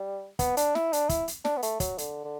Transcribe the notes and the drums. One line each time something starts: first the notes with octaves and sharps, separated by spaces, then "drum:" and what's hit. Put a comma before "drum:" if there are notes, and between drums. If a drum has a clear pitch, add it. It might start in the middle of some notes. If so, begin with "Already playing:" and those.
Already playing: G3
B3, drum: kick, hi-hat
D4, drum: hi-hat
E4, drum: snare
D4, drum: hi-hat
E4, drum: kick, hi-hat
drum: hi-hat
D4, drum: snare
B3
A3, drum: hi-hat
F#3, drum: kick, hi-hat
D3, drum: hi-hat
D3